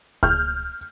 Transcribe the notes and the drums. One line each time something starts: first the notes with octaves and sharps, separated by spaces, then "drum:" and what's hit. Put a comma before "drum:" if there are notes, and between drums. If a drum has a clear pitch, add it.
F6 G6, drum: kick C#2